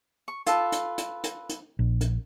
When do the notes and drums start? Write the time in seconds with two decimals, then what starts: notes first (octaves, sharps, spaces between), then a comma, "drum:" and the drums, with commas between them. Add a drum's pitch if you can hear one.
0.28 C#6
0.46 F4 A4 B4, drum: hi-hat
0.72 drum: hi-hat
0.98 drum: hi-hat
1.24 drum: hi-hat
1.49 drum: hi-hat
1.79 A#1
2.01 drum: hi-hat